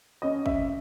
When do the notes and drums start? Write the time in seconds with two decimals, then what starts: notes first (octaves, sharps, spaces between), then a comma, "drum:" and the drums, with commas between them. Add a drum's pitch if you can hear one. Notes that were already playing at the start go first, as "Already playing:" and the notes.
0.22 C#4 D#5
0.46 E5, drum: kick